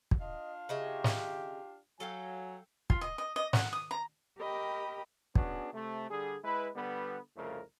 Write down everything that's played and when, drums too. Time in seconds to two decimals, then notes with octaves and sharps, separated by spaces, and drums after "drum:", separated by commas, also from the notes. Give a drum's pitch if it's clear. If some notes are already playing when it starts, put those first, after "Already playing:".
0.11 drum: kick
0.21 D4 F4 D#5 F5
0.69 C#3 G4 D#5 E5
1.04 drum: snare
2.00 F#3 A4 F5 G5 G#5
2.90 F4, drum: kick
3.01 D#5
3.18 D#5
3.36 D#5
3.53 F#5, drum: snare
3.73 D#6
3.91 A#5
4.39 G4 A#4 D#5 G5 B5
5.35 B3 C#4 D4 F#4 G#4, drum: kick
5.73 C3 A3
6.11 D3 G3 G#4
6.44 G#3 E4 B4
6.76 D3 G3 B3
7.37 C2 F2 C#3 A3 A#4